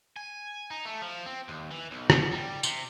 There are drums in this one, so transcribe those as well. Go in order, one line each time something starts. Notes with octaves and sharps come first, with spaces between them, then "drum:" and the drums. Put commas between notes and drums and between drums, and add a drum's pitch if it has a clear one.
G#5
D#4
A3
F3
C4
D#2
E3
B1
B2, drum: rim click
G3
C3, drum: tambourine